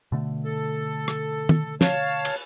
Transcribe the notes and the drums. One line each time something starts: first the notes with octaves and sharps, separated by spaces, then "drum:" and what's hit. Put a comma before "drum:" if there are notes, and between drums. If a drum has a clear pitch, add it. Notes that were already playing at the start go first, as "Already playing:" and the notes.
B2 D3 A3
A4
drum: rim click
drum: tom
C#5 F5 A5, drum: snare
drum: cymbal